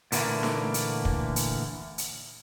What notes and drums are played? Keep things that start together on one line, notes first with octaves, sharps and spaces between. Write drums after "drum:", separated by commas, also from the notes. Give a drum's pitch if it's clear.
A#2 D3 E3 F#3 A3 A#3, drum: hi-hat
drum: snare
drum: hi-hat
drum: kick
drum: hi-hat
drum: hi-hat